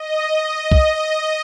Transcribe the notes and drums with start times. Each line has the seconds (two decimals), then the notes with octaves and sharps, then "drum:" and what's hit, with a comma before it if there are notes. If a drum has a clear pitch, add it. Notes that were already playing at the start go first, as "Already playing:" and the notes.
Already playing: D#5
0.72 drum: kick